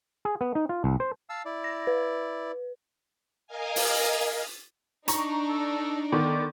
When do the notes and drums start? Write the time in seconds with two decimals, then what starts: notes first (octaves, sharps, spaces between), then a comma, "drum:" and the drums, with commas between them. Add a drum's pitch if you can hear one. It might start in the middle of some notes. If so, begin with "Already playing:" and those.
0.25 G#4
0.41 B3
0.55 D#4
0.69 F4
0.84 C2
1.00 C5
1.30 F5 A5 E6
1.45 E4 D5
1.64 A#6
1.87 B4
3.47 A#4 D#5 F5 G#5
3.76 drum: open hi-hat
5.08 D4 D#4 A#5 C#6, drum: hi-hat
5.50 A4
6.12 D3 D#3 B3 D5